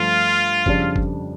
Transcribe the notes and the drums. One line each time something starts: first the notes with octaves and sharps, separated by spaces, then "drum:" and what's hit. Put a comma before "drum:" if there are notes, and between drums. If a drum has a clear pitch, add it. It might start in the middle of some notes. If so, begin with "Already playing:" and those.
Already playing: G2 F3 A3 F4
F2 C#3 G3 D4, drum: kick F#1
drum: kick F#1